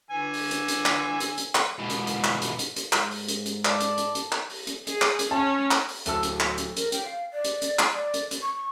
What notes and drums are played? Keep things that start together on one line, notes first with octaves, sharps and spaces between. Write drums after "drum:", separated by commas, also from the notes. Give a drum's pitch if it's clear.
D3 G#5 E6
drum: open hi-hat
drum: hi-hat
drum: hi-hat
drum: clap
drum: hi-hat
drum: hi-hat
drum: clap
G#2 B2
drum: hi-hat
drum: hi-hat
drum: clap
drum: hi-hat
drum: hi-hat
drum: hi-hat
G#2, drum: clap
drum: open hi-hat
drum: hi-hat
drum: hi-hat
D5 A5 E6, drum: clap
drum: hi-hat
drum: hi-hat
drum: hi-hat
drum: clap
drum: open hi-hat
drum: hi-hat
G#4, drum: hi-hat
drum: clap
drum: hi-hat
C#4 A5
drum: clap
drum: open hi-hat
D1 A4 A5 E6, drum: hi-hat
drum: hi-hat
drum: clap
drum: hi-hat
A#4, drum: hi-hat
G5, drum: hi-hat
F5
D5
drum: hi-hat
drum: hi-hat
drum: clap
D5
drum: hi-hat
drum: hi-hat
C#6